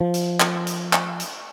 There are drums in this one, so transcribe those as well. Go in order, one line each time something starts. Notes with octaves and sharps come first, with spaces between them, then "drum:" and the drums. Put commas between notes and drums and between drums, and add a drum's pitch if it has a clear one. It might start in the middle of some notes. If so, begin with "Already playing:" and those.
F3
drum: hi-hat
drum: clap
drum: hi-hat
drum: clap
drum: hi-hat